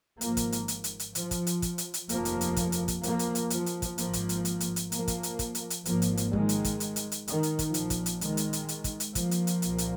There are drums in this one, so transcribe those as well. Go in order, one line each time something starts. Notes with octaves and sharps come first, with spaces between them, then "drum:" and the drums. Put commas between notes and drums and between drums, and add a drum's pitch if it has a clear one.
G#1 G#2 F3 A#3, drum: hi-hat
drum: kick, hi-hat
drum: hi-hat
drum: hi-hat
drum: hi-hat
drum: hi-hat
F3, drum: hi-hat
drum: kick, hi-hat
drum: hi-hat
drum: kick, hi-hat
drum: hi-hat
drum: hi-hat
F1 D#2 F3 A#3, drum: hi-hat
drum: hi-hat
drum: hi-hat
drum: kick, hi-hat
drum: hi-hat
drum: kick, hi-hat
F3 A#3, drum: hi-hat
drum: hi-hat
drum: hi-hat
F3, drum: hi-hat
drum: hi-hat
drum: kick, hi-hat
G#1 G#2 F3 A#3, drum: hi-hat
drum: kick, hi-hat
drum: hi-hat
drum: hi-hat
drum: hi-hat
drum: hi-hat
F3 A#3, drum: hi-hat
drum: kick, hi-hat
drum: hi-hat
drum: kick, hi-hat
drum: hi-hat
drum: hi-hat
G#1 G#2 F3 A#3, drum: hi-hat
drum: hi-hat
drum: hi-hat
D#3 G#3, drum: kick
drum: hi-hat
drum: kick, hi-hat
drum: hi-hat
drum: hi-hat
drum: hi-hat
D#3, drum: hi-hat
drum: hi-hat
drum: kick, hi-hat
A#1 A#2 F3, drum: hi-hat
drum: kick, hi-hat
drum: hi-hat
D#3 G#3, drum: hi-hat
drum: hi-hat
drum: hi-hat
drum: hi-hat
drum: kick, hi-hat
drum: hi-hat
F3 A#3, drum: kick, hi-hat
drum: hi-hat
drum: hi-hat
C2 A#2, drum: hi-hat
drum: hi-hat